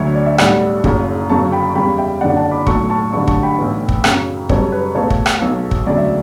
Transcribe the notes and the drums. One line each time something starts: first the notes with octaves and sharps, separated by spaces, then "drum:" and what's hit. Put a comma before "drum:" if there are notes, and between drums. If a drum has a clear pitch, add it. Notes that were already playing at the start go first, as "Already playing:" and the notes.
Already playing: D2 D3 F#3 C#5 E5
D5
E5
B1 A2 G3 D5 F#5, drum: rim click
F#1 F#2 C#3, drum: kick
G1 F#2 C#3 F#3 A5 C#6
G5 B5
E2 C#3 G3 G5 B5
E5 G5
F#1 F#2 D3 D5 F#5
F#5 A5
B5 D6
B1 A2 F#3 A3 A5 C#6, drum: kick
A5 C#6
A1 G2 D3 F#3 A5 C#6
A5 C#6, drum: kick
G5 B5
B1 A2 E3
drum: kick
F#2 C#3 F#3, drum: rim click
F#2 C#3 G3 A4 C#5, drum: kick
B4
C#2 B2 A3 A4 C#5
drum: kick
drum: rim click
B1 B2 F#3
drum: kick
E1 D2 C#3 F#3 D5
E5